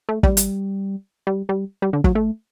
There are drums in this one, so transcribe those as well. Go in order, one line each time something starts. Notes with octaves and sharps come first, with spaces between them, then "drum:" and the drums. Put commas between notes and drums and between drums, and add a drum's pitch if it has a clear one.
A3
G3, drum: kick
drum: hi-hat
G3
G3
G3
D3
F#3, drum: kick
A3